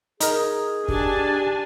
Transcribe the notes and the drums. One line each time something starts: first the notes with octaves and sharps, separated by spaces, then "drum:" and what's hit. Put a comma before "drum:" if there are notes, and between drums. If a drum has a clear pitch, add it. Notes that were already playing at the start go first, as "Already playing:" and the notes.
D#4 G#4 A#4, drum: hi-hat
D4 G4 G#5 A5, drum: kick